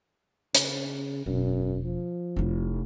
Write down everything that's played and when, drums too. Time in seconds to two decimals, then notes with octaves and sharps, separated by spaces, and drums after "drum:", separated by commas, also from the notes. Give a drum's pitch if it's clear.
0.55 C#3, drum: hi-hat
1.26 E1 F#2
1.84 F3
2.36 F1 E4